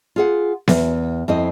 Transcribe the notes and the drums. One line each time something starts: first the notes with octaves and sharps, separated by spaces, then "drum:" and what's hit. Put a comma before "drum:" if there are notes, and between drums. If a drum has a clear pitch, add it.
F4 G#4 F#5
E2, drum: snare B3
F2 C4 E4 D#5